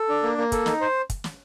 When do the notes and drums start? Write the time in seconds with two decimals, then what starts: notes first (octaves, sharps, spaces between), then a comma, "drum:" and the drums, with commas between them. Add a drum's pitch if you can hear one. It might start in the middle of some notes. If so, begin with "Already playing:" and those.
Already playing: A4
0.09 D4
0.23 A#3
0.38 A#3
0.52 A4, drum: kick, hi-hat
0.66 D#4, drum: snare
0.81 C5
1.10 drum: kick, hi-hat
1.24 drum: snare